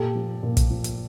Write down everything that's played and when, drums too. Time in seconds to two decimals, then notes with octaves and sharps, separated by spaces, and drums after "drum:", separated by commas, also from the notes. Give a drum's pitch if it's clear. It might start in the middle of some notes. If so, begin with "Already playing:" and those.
Already playing: A#2 G4 A4
0.15 F3
0.43 A#2
0.57 drum: kick, hi-hat
0.70 F3
0.84 drum: hi-hat